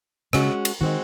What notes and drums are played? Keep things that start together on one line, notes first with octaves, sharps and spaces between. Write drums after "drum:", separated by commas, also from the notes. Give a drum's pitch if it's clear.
C#3 G#3 C#4 F#4, drum: rim click
drum: cymbal
D#3 G#3 C4 F#4